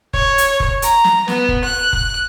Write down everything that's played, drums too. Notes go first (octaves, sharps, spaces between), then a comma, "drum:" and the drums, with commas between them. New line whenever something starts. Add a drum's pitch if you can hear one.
C#5, drum: kick F1
drum: hi-hat
drum: kick F1
A#5, drum: hi-hat
drum: snare
B3, drum: snare
drum: kick F1
F#6
drum: kick F1